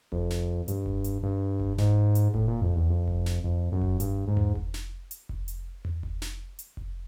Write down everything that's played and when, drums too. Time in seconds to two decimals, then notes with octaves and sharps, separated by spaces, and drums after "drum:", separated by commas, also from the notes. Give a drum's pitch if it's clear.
0.12 F2, drum: kick F1
0.30 drum: snare
0.68 G2, drum: hi-hat
0.86 drum: kick F1
1.04 drum: hi-hat
1.23 G2
1.60 drum: kick F1
1.78 G#2, drum: snare
2.15 drum: hi-hat
2.34 A2, drum: kick F1
2.48 A#2
2.62 F2
2.76 E2
2.89 F2
3.08 drum: kick F1
3.26 drum: snare
3.44 F2
3.72 F#2
3.81 drum: kick F1
4.00 G2, drum: hi-hat
4.28 G#2
4.37 drum: tom E2
4.55 drum: kick F1
4.74 drum: snare
5.11 drum: hi-hat
5.29 drum: kick F1
5.48 drum: hi-hat
5.85 drum: tom E2
6.03 drum: kick F1
6.22 drum: snare
6.59 drum: hi-hat
6.77 drum: kick F1